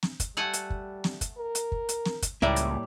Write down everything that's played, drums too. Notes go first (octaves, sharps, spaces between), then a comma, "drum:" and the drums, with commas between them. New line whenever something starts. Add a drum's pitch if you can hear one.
drum: snare
drum: kick, hi-hat
G3 A3 F#5 G#5
drum: hi-hat
drum: kick
drum: snare
drum: kick, hi-hat
A#4
drum: hi-hat
drum: kick
drum: hi-hat
drum: snare
drum: kick, hi-hat
C#2 A2 G3 A#3 E4 D5 E5
drum: hi-hat